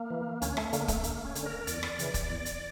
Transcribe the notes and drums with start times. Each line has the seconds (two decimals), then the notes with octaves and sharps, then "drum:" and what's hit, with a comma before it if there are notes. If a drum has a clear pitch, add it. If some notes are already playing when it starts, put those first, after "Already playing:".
Already playing: A#3
0.10 E3
0.42 D2 C#4, drum: hi-hat
0.57 A3, drum: rim click
0.73 D3 A#3, drum: hi-hat
0.88 A3, drum: kick, hi-hat
1.04 D2 A#3, drum: hi-hat
1.25 C#4
1.35 D3, drum: hi-hat
1.46 A#4
1.67 E2 D5, drum: hi-hat
1.83 drum: rim click
1.99 C#3 E3, drum: hi-hat
2.14 drum: kick, hi-hat
2.30 E2
2.46 drum: hi-hat